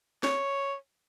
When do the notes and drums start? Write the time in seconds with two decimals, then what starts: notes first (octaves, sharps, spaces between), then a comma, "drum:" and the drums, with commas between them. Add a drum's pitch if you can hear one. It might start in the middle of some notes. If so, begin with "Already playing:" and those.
0.23 C#5, drum: snare